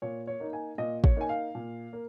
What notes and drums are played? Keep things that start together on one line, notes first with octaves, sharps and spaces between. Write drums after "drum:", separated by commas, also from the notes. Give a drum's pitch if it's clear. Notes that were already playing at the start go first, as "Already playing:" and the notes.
A#2 C#5
C#5
A#3 D#4
G#5
A#2 D#5
C#5, drum: kick
A#3 D#4 G#5
F5
A#2
A#3